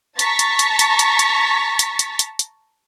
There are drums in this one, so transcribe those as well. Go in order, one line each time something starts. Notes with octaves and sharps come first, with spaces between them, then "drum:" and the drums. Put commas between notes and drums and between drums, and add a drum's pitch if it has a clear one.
A5 A#5 C#6 A6 B6, drum: hi-hat
drum: hi-hat
drum: hi-hat
drum: hi-hat
drum: hi-hat
drum: hi-hat
drum: hi-hat
drum: hi-hat
drum: hi-hat
drum: hi-hat